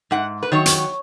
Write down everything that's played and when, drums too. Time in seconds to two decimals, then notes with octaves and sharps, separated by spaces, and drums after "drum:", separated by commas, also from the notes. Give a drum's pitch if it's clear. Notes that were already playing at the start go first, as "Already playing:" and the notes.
0.11 G#2 F#5
0.43 B4
0.52 D#3 F#3 C#5
0.66 drum: hi-hat